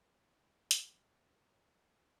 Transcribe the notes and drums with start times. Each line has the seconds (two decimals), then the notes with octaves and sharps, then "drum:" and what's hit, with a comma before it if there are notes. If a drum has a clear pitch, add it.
0.18 C3 F#3 C5 C#5
0.71 C3 C4 C#4 E4 G#4, drum: hi-hat
1.15 D#4 D5 A#6 B6 C#7
1.70 F#1 B3 D5 F#5 G5